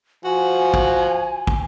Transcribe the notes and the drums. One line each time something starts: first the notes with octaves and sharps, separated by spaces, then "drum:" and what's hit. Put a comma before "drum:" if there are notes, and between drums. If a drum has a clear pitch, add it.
F3 F#4 G#5
drum: kick
drum: kick